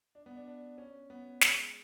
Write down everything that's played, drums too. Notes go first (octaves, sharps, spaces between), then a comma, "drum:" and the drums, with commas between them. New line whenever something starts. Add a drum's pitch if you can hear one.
D4
B3
D4
D4
C#4
B3
G#3, drum: snare